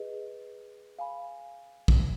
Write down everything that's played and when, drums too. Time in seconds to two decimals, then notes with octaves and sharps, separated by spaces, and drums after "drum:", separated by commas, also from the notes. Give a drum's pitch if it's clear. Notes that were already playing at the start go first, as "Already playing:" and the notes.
Already playing: G#4 B4 D#5
0.99 F5 G#5 B5
1.88 drum: kick